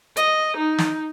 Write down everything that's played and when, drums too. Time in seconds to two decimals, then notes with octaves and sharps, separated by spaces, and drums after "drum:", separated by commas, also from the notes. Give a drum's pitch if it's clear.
0.17 D#5, drum: hi-hat
0.58 D#4
0.78 drum: snare